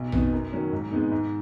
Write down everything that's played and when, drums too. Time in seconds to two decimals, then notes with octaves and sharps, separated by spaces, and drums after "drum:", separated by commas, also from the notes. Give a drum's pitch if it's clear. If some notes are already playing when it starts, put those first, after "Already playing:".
Already playing: B1
0.12 B2 B3 D#4, drum: tom A#1
0.32 F#2
0.52 D#3 F#3 C#4
0.72 G#2
0.91 G#3 B3 D#4
1.12 G#2